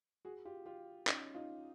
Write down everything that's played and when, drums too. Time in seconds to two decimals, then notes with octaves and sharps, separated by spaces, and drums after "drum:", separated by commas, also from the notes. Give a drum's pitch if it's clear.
0.25 F#4 G#4
0.45 F4 G4
0.66 F4 G4
1.07 C#4 D#4, drum: clap
1.35 D#4 F4